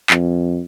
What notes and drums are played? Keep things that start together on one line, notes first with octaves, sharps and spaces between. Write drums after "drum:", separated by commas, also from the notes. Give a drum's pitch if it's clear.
F2, drum: clap